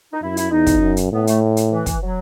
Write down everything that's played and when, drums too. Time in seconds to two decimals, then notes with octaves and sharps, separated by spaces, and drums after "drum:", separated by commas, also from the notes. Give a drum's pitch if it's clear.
0.13 D#4
0.22 F#2 E4
0.37 E4, drum: hi-hat
0.51 E2 D#4
0.67 drum: kick, hi-hat
0.81 F#2
0.97 drum: hi-hat
1.12 A2 B3
1.27 A3, drum: hi-hat
1.57 drum: hi-hat
1.72 E3
1.86 E3, drum: kick, hi-hat
2.02 F#3